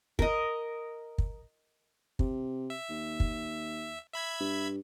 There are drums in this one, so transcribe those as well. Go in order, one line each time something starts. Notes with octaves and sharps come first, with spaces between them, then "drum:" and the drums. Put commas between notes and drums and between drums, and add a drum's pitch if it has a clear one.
A#4 D#5, drum: kick
drum: kick
C3, drum: kick
E5
D#2
drum: kick
E5 B5 G#6
G2